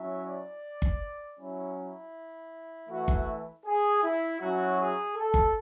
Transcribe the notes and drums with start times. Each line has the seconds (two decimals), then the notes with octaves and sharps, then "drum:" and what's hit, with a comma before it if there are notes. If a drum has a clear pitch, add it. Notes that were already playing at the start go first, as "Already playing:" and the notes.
Already playing: F#3 C#4 E4 E5
0.25 D5
0.82 drum: kick G1
1.38 F#3 C#4 E4
1.76 E4
2.89 E3 A3 E4 F#4
3.08 drum: kick G1
3.65 G#4
4.02 E4
4.39 F#3 C#4 E4 F#4
4.78 G#4
5.15 A4
5.34 drum: kick G1